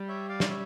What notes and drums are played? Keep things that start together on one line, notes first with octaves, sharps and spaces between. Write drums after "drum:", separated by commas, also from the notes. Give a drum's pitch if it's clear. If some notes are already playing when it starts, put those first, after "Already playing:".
Already playing: G3
C#5 E5
D5 F5
drum: snare
C#5 E5